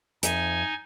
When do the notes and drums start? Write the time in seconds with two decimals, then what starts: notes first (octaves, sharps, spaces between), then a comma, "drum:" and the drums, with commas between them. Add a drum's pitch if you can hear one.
0.23 F2 D#4 C5 E5 G#5, drum: hi-hat